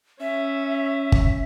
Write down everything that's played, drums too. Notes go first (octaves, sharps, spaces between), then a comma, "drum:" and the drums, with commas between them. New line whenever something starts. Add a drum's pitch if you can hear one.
C#4 E5
drum: kick G1